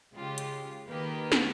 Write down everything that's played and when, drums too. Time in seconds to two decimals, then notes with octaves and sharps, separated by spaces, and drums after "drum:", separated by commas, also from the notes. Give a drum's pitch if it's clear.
0.14 C#3 G#3 F4 G4
0.38 drum: hi-hat
0.89 D#3 A#3 G4 B4
1.32 drum: snare